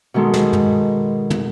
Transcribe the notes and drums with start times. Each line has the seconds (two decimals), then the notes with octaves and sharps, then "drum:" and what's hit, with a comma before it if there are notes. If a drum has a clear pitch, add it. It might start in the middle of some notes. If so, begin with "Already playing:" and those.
0.14 B2 D#3 G#3 A4 C6
0.34 drum: snare
0.53 drum: tom
1.30 drum: tom